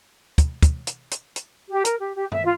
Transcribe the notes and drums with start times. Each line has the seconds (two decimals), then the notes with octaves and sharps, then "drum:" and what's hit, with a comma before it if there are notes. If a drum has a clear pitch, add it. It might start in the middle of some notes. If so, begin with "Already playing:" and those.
0.38 drum: kick, hi-hat
0.63 drum: kick, hi-hat
0.87 drum: hi-hat
1.11 drum: hi-hat
1.36 drum: hi-hat
1.69 G4
1.85 A#4, drum: hi-hat
1.99 G4
2.15 G4
2.32 E5, drum: tom G2
2.44 F4